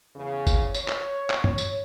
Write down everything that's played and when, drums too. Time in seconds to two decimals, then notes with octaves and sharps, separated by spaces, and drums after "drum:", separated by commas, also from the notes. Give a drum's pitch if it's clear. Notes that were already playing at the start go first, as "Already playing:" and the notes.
0.15 E2 C#3
0.47 drum: kick G1, tambourine
0.74 C#5, drum: tambourine
0.88 drum: clap
1.30 drum: clap
1.44 drum: tom
1.58 drum: tambourine